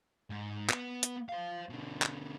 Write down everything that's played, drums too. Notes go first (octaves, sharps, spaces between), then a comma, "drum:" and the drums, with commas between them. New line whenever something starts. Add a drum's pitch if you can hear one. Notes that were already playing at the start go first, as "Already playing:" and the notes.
G#2
B3, drum: clap
drum: hi-hat
C5 F5
B2 D3
drum: clap